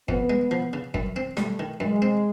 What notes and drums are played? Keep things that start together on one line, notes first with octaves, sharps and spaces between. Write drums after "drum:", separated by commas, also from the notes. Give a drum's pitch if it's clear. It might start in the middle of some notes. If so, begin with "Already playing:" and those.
F2 B3, drum: kick
G#3
F3
C#3
F#2, drum: kick
C4
G3 A3, drum: snare
D#3
F#2 G#3
C4